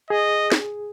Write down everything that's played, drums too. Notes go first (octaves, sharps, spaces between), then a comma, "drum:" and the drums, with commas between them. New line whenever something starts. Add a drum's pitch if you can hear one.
G#4 D#5
drum: snare